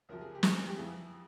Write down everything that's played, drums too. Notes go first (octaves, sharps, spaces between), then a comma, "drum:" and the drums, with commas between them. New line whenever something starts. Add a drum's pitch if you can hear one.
C#2 C3 F3 A#4
G#4
G4
G2 F3 G#4, drum: snare
G4
F2 E3 G#4